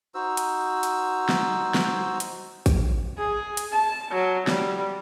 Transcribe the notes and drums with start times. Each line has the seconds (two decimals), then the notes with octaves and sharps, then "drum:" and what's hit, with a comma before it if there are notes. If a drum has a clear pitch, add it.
0.14 D#4 F#4 C5 E6
0.37 drum: hi-hat
0.83 drum: hi-hat
1.29 drum: snare
1.74 drum: snare
2.20 drum: hi-hat
2.66 drum: kick A1, hi-hat
3.18 G#4
3.57 drum: hi-hat
3.73 A5
4.12 F#3
4.47 G3, drum: snare